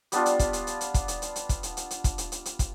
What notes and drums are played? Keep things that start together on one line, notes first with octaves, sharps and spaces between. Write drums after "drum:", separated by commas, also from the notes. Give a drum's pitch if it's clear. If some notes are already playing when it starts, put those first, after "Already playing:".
G3 B3 D4 F4, drum: hi-hat
drum: hi-hat
drum: kick, hi-hat
drum: hi-hat
drum: hi-hat
drum: hi-hat
drum: kick, hi-hat
drum: hi-hat
drum: hi-hat
drum: hi-hat
drum: kick, hi-hat
drum: hi-hat
drum: hi-hat
drum: hi-hat
drum: kick, hi-hat
drum: hi-hat
drum: hi-hat
drum: hi-hat
drum: kick, hi-hat